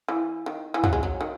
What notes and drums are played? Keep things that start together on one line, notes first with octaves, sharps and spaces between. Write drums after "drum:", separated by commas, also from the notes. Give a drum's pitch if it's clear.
E3
D#3
E3
F#3, drum: tom
G#3
F#3
D#3